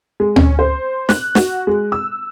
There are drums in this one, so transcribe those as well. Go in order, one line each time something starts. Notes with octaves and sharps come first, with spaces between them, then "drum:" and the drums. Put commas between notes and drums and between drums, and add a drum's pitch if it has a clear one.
G#3
C#4, drum: tom D2
C5
F#6, drum: snare
F#4, drum: snare
G#3
E6